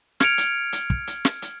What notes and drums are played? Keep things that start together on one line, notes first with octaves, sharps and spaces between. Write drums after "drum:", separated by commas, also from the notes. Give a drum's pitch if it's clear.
F6 G#6 C#7 D7 F7, drum: snare
drum: hi-hat
drum: hi-hat
drum: kick
drum: hi-hat
drum: snare
drum: hi-hat